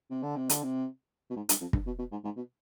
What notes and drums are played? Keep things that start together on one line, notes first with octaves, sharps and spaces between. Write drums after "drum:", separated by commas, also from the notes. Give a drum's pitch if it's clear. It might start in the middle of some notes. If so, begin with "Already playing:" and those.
C3
D3
C3
D3, drum: hi-hat
C3
B2
G#2
G2, drum: hi-hat
F2
G2, drum: kick
B2
B2
G#2
G#2
B2